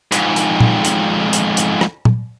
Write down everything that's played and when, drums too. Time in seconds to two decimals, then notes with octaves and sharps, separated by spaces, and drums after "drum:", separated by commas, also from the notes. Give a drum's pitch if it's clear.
0.12 F2 G#2, drum: hi-hat
0.36 drum: hi-hat
0.60 drum: tom A#2
0.85 drum: hi-hat
1.33 drum: hi-hat
1.57 drum: hi-hat
1.81 drum: rim click
2.05 drum: tom A#2